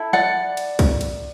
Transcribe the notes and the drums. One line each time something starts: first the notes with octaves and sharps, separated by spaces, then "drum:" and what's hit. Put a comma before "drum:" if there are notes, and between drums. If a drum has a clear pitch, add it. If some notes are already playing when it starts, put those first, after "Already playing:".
Already playing: E4 A4
D5 F#5
drum: cymbal
drum: kick, cymbal
drum: cymbal